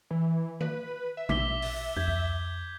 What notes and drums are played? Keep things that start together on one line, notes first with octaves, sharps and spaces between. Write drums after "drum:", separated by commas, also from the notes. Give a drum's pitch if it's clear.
E3
B4, drum: tom D#3
E5
A#1 D6 B6 G7, drum: tom
drum: open hi-hat
F2 G6 G#6
drum: kick C#2